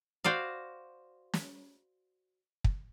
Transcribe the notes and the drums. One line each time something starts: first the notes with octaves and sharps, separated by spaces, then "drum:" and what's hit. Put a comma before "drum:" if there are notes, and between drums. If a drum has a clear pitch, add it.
F#4 C5 D5 F5
drum: snare
drum: kick